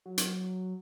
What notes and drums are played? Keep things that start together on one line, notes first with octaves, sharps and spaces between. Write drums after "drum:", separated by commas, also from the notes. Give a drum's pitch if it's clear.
F#3
drum: hi-hat